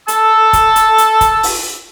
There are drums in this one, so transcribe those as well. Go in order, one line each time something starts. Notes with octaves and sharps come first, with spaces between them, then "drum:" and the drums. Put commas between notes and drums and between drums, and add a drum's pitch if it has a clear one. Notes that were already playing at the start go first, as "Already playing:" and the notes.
A5 E6, drum: hi-hat
drum: kick, hi-hat
drum: hi-hat
drum: hi-hat
drum: kick, hi-hat
drum: open hi-hat